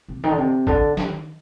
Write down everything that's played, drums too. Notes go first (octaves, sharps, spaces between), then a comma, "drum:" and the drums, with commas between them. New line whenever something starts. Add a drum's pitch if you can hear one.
C3
D#3
D3
C3
D3, drum: kick A1
D#3, drum: snare